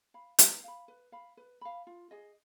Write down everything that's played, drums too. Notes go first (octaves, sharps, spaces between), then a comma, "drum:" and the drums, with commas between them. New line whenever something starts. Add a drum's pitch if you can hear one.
F5 B5
B4, drum: hi-hat
F5 B5
B4
F5 B5
B4
F5 B5
F4
G#4 D#5